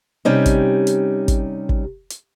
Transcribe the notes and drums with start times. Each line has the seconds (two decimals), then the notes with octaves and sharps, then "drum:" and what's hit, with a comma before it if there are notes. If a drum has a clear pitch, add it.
0.25 C3 G3 C#4 D#4
0.46 drum: kick, hi-hat
0.87 drum: hi-hat
1.28 drum: kick, hi-hat
1.69 drum: kick
2.10 drum: hi-hat